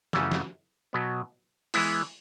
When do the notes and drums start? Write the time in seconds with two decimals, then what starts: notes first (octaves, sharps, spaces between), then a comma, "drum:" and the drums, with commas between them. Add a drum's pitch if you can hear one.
0.13 F#2 C#3 E3 A3 C#4, drum: snare
0.32 drum: snare
0.93 B2 F#3 B3
1.74 E3 G#3 B3 E4, drum: open hi-hat